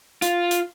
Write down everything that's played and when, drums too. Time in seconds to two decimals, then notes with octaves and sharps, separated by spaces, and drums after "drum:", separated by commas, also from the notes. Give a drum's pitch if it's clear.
0.22 F4, drum: hi-hat
0.51 drum: hi-hat